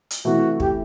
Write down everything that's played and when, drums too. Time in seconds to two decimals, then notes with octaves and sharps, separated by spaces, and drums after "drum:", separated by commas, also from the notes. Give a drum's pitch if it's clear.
0.11 drum: hi-hat
0.24 C3 E3 A3 F#4
0.60 G4, drum: kick